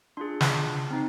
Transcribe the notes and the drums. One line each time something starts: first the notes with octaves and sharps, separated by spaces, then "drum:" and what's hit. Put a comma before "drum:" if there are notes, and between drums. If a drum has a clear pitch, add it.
D4 F4 G#4 C6
drum: snare
C4 D#4